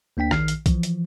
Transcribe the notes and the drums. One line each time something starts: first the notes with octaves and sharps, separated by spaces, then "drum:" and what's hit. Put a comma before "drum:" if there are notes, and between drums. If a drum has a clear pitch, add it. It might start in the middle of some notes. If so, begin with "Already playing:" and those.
D2 A#3 D4 G5 B6
A#1 D#3 F6 C7, drum: rim click
drum: hi-hat
E3 F3, drum: kick B1, hi-hat
drum: hi-hat